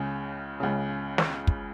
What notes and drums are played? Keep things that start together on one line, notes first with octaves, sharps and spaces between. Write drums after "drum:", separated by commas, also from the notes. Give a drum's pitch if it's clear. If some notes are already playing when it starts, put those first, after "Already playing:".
Already playing: C#2 C#3
C#2 C#3
drum: snare
drum: kick